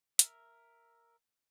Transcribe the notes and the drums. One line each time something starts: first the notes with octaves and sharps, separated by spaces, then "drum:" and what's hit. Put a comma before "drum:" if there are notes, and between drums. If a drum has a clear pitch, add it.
A#4 E5, drum: hi-hat